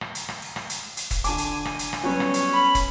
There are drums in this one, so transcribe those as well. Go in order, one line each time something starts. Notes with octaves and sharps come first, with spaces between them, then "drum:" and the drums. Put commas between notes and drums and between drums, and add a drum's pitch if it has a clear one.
drum: rim click
drum: hi-hat
drum: rim click
drum: open hi-hat
drum: rim click
drum: hi-hat
drum: hi-hat
drum: kick, hi-hat
D3 G#5 A5 D6, drum: hi-hat
drum: hi-hat
drum: rim click
drum: hi-hat
drum: rim click
F#3 G3 B3 C#4
drum: rim click
drum: hi-hat
B5
drum: kick, hi-hat